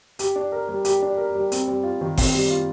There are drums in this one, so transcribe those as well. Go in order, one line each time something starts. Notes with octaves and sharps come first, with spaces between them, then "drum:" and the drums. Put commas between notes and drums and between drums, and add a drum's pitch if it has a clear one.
G4, drum: hi-hat
D4
A#4
G3
G4, drum: hi-hat
D4
A#4
G3
C4, drum: hi-hat
G3
F4
D#3
C4, drum: kick G1, open hi-hat
G3
F4